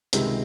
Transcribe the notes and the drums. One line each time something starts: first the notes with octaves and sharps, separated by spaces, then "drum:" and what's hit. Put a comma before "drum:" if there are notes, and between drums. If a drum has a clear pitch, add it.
C#2 C3 D#3 G#3, drum: hi-hat